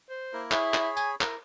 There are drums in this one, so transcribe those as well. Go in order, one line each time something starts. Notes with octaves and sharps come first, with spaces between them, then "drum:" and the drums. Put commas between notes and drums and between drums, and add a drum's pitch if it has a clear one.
C5
A#3 E4 A#4
E4 G#4 C#5 B5, drum: clap
drum: clap
G#5, drum: tambourine
E4 A#4, drum: clap